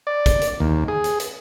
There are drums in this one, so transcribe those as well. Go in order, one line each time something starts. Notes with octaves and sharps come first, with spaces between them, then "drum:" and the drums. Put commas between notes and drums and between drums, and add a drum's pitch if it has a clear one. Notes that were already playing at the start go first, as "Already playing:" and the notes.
D5
drum: kick, hi-hat
drum: hi-hat
D#2
G#4
drum: hi-hat
drum: hi-hat